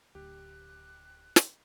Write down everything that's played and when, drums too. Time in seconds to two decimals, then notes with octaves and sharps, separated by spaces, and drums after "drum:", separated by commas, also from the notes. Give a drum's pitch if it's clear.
0.15 D1 D2 G4 F#6
1.36 drum: snare